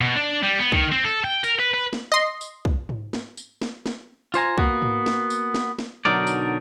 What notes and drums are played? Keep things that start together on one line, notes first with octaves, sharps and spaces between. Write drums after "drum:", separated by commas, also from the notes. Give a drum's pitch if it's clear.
B2
D4
G3
B3
D#3, drum: kick
C4
A4
G5
A#4, drum: tambourine
B4
B4
drum: snare
D#5 C6
drum: tambourine
drum: kick
drum: tom G#2
drum: snare
drum: tambourine
drum: snare
drum: snare
F4 C5 G#5 A#5, drum: tambourine
A#3 B3 F#4, drum: kick
drum: tom G#2
drum: snare
drum: tambourine
drum: snare
drum: snare
B1 D3 F#3 D#4 A#4 D5
drum: tambourine